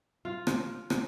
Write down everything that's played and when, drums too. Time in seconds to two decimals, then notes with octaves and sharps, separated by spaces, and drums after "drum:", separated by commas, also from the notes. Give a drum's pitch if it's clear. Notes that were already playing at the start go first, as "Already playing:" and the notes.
0.25 F4
0.47 drum: rim click
0.90 drum: rim click